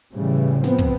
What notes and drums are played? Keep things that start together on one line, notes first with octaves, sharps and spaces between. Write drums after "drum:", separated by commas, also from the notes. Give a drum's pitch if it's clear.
A2 C#3 E3 G3
F3 B3 C4, drum: snare
drum: kick